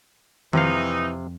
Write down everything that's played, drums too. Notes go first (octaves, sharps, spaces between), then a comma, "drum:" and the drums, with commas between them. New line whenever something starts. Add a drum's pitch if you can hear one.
F2 C3 E3 D#4 F5, drum: tom D#3